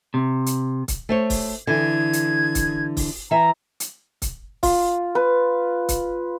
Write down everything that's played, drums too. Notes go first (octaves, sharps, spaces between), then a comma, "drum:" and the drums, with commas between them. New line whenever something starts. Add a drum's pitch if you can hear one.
C3
drum: hi-hat
drum: kick C#1, hi-hat
A3 C5 C#5
drum: kick C#1, open hi-hat
D3 E3 G#6
drum: hi-hat
drum: kick C#1, hi-hat
drum: kick C#1, open hi-hat
E3 E5 A#5
drum: hi-hat
drum: kick C#1, hi-hat
F4, drum: kick C#1, open hi-hat
B4
drum: kick C#1, hi-hat